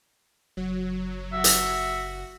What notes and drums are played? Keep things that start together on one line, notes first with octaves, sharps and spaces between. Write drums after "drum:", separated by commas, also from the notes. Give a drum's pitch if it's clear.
F#1 F#3
F#4 E5
drum: hi-hat